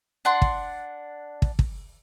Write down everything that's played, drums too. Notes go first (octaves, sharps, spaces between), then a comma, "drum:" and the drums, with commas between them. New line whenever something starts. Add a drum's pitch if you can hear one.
D4 F#5 C6
drum: kick
drum: kick
drum: kick